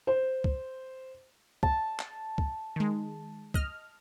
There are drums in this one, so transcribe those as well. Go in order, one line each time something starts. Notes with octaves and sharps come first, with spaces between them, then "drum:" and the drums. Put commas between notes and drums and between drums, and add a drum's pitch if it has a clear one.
C5
drum: kick C#2
A5, drum: kick C#2
drum: clap
drum: kick C#2
D#3 G#3
D#5 F6, drum: kick C#2